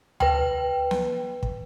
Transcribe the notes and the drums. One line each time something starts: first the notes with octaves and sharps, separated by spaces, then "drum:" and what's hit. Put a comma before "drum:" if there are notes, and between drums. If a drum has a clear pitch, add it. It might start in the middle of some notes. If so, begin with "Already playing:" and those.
B4 G5, drum: tom D2
drum: snare
drum: kick